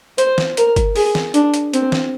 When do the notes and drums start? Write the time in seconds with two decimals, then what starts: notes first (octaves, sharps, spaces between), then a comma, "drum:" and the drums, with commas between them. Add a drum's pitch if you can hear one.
0.18 C5, drum: hi-hat
0.38 drum: snare
0.57 A#4, drum: hi-hat
0.76 drum: kick G1, hi-hat
0.96 G#4, drum: open hi-hat
1.15 drum: snare
1.34 D4, drum: hi-hat
1.54 drum: hi-hat
1.73 C4, drum: hi-hat
1.92 drum: snare